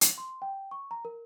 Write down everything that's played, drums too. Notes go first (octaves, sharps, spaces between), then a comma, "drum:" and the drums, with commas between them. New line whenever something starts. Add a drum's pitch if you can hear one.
drum: hi-hat
C6
G5
C#6
A#5
A#4